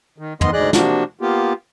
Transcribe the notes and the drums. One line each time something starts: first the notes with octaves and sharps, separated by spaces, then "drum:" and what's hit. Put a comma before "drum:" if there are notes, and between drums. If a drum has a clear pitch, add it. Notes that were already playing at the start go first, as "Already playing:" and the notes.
D#3
G#2 D#3 B3 D#5 C6, drum: tom
D2 G#2 G#4 D5 D#5 F#6
C3 F3 A#3 D4 F#4, drum: snare
A#3 B3 F4 G4